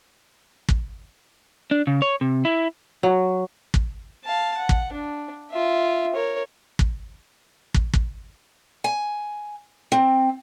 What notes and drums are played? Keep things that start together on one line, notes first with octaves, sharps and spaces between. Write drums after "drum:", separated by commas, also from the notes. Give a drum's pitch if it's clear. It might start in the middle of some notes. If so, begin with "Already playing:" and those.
drum: kick
D4
C#3
C#5
C3
E4
F#3
drum: kick
F5 A5
F#5
drum: kick
D4
F4 E5
A#4 C#5
drum: kick
drum: kick
drum: kick
G#5
C4